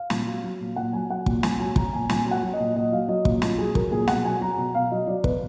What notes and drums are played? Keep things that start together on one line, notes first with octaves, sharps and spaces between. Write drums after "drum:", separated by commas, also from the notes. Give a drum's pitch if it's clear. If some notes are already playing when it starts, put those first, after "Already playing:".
Already playing: F5
A#2, drum: snare
F#3
F#3
A#2
A#2 F#5
F#3 G#5
F#3 F#5
A#2, drum: kick
A#2 G#5, drum: snare
F#3 G#5
F#3 A#5, drum: kick
A#2 G#5
A#2 G#5, drum: snare
F#3
F#5
F#3
D#5
A#2
A#2 D#5
F#3 F5
F#3 D#5
A#2, drum: kick
A#2 F4, drum: snare
F#3 G#4
F#3 A#4, drum: kick
A#2 G#4
B2 F#5, drum: snare
F#3 G#5
F#3 A#5
B2 A#5
B2 F5
F#3 D#5
F#3 D5
B2 B4, drum: kick